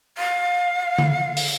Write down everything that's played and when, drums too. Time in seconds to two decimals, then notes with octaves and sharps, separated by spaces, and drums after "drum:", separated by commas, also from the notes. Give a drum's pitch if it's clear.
0.17 F5
0.98 drum: tom D3
1.37 drum: open hi-hat